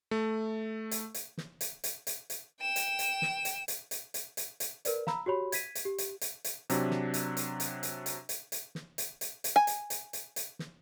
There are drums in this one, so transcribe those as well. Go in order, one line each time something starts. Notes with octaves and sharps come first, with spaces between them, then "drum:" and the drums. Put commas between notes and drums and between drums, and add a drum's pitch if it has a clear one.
A3
drum: hi-hat
drum: hi-hat
drum: snare
drum: hi-hat
drum: hi-hat
drum: hi-hat
drum: hi-hat
G5 E7
drum: hi-hat
drum: hi-hat
drum: snare
drum: hi-hat
drum: hi-hat
drum: hi-hat
drum: hi-hat
drum: hi-hat
drum: hi-hat
A#4 B4 D5, drum: hi-hat
F5 A#5 B5 E6, drum: snare
F#4 G4 C#5 B5
G#6 B6 D#7, drum: hi-hat
drum: hi-hat
G4
drum: hi-hat
drum: hi-hat
drum: hi-hat
C3 F#3 D4, drum: hi-hat
drum: snare
drum: hi-hat
drum: hi-hat
drum: hi-hat
drum: hi-hat
drum: hi-hat
drum: hi-hat
drum: hi-hat
drum: snare
drum: hi-hat
drum: hi-hat
drum: hi-hat
G#5
drum: hi-hat
drum: hi-hat
drum: hi-hat
drum: hi-hat
drum: snare